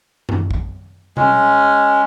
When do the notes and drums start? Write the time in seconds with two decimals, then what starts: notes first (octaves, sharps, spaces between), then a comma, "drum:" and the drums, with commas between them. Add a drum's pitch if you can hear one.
0.29 drum: tom F#2
0.51 drum: kick
1.17 G#3 C#4, drum: tom B2